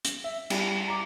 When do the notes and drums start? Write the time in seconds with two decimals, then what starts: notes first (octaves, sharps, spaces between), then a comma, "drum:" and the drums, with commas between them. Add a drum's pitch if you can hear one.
0.05 drum: hi-hat
0.24 E5
0.50 G3, drum: cymbal
0.88 A#5 D6